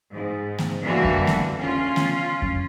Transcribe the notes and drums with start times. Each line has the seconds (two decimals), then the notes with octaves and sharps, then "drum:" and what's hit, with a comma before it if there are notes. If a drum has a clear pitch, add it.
0.13 G#2
0.59 drum: snare A3
0.83 D3 E3 G3 A#3 F#4
1.04 drum: kick F2
1.27 drum: snare A3
1.59 C#4 F4
1.96 drum: snare A3
2.42 drum: kick F2